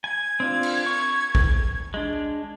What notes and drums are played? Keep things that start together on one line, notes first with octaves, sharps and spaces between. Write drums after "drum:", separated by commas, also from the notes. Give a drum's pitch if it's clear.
G#5 G#6
C4 D4 F4
drum: cymbal
C#6
drum: kick A#1
G#3 D4